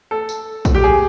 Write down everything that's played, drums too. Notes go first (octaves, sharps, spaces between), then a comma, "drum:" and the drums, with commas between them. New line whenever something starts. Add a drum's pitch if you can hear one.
A4
drum: tambourine
drum: kick A#1, tambourine
G4
G#4